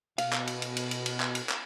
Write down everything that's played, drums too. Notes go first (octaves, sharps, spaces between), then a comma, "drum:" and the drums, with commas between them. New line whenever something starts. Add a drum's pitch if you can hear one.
B2 F5, drum: cymbal
drum: clap
drum: cymbal
drum: cymbal
drum: cymbal
drum: cymbal
drum: cymbal
drum: clap
drum: cymbal
drum: clap